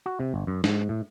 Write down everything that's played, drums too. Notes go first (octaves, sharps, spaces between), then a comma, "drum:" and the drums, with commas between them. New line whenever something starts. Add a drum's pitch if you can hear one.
F#4
C3
G1
F#2
G#2, drum: snare
A2